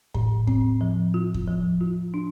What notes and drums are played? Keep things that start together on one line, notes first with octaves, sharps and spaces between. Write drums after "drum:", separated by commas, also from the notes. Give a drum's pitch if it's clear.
A2, drum: kick E2
C4, drum: kick E2
F3
F4
drum: kick E2
F3
F4
D4